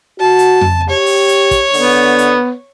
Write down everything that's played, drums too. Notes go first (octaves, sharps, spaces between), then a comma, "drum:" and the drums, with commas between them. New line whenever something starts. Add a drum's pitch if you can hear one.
F#4 A5
drum: hi-hat
drum: tom F2
G4 C#5
drum: open hi-hat
drum: hi-hat
drum: kick, hi-hat
D3 B3, drum: open hi-hat
drum: hi-hat